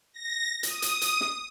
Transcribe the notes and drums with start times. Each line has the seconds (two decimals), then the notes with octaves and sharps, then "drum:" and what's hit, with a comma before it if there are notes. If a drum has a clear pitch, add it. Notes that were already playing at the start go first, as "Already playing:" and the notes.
0.12 A#6
0.63 D#6, drum: hi-hat
0.82 drum: hi-hat
1.01 drum: hi-hat
1.21 drum: snare